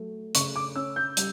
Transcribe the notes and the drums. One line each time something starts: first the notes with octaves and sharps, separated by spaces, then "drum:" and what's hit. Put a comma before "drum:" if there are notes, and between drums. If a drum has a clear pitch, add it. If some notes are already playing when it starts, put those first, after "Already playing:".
Already playing: F#3 A3
C#3 C#6, drum: hi-hat
D6
C#4 E6
G6
G3, drum: hi-hat